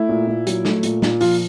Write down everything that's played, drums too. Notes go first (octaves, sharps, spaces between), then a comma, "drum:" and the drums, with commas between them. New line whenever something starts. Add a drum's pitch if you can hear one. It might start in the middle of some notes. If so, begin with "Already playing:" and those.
Already playing: A3 E4
A#2
A#2
F#3, drum: hi-hat
A3, drum: snare
A#2, drum: hi-hat
A#2, drum: snare
F3 F4, drum: open hi-hat